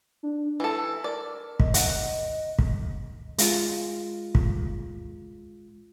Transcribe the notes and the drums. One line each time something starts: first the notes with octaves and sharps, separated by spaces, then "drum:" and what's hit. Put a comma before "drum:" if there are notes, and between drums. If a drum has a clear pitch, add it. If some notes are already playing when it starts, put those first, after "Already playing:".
D4
E3 A4 E6
A#4 D5
D#5, drum: kick
F#5, drum: hi-hat
drum: kick
G#3 F4, drum: hi-hat
drum: kick